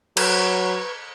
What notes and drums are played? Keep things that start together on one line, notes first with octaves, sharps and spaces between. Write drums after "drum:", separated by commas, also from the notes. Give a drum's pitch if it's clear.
F#3 B4 A#5 C#6, drum: cymbal